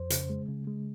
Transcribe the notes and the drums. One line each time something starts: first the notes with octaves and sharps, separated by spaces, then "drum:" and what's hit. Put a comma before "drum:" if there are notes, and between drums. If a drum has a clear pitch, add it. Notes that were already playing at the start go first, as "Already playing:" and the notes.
Already playing: F2 C5
C#3, drum: hi-hat
G#3
C#3
G#3